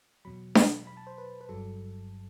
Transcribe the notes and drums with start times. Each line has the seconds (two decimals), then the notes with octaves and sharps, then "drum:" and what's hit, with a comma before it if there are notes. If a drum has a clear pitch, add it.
0.25 E2 B2 F#3 B5
0.55 B5, drum: snare D4
0.87 B5
0.97 A5
1.07 C5
1.18 B4
1.41 B4
1.49 G1 G2 F#3 A4